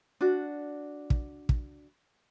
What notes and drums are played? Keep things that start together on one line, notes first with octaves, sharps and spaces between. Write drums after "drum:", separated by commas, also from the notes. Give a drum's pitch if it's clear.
D4 F#4
drum: kick
drum: kick